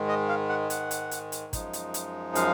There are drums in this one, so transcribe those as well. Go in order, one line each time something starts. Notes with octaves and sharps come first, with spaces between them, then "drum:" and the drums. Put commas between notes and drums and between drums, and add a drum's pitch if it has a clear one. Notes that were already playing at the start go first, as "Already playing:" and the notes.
Already playing: G#2 D#3 G#3
D#5
F5
F#5
F#5, drum: hi-hat
drum: hi-hat
drum: hi-hat
drum: hi-hat
F#2 F3 G#3 D#4, drum: kick, hi-hat
drum: hi-hat
drum: hi-hat
F5, drum: hi-hat